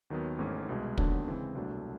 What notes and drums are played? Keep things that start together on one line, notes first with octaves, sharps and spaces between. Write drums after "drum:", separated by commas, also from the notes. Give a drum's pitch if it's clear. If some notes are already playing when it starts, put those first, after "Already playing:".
D#2 D#3 F#3 B3
G#1 G#2 E3 A3 C#4
C2 B2 G#3
D#2 D3 F#3 B3 D4, drum: kick
C#3 E3 G#3 C4
C2 B2 F#3 A3 D4